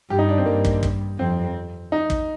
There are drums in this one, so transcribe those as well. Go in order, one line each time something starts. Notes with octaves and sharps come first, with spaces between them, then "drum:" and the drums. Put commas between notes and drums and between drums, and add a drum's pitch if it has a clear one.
G2 G4
D#4
D4
C4
G2 A#3
drum: kick
drum: kick
F2 C4
D#4
drum: kick